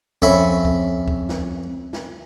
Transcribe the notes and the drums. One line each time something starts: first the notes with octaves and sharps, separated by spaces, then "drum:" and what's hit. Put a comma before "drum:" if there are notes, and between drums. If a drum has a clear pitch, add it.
F2 C#4 E5 B5, drum: kick C#2
drum: kick C#2
drum: kick C#2
drum: snare
drum: snare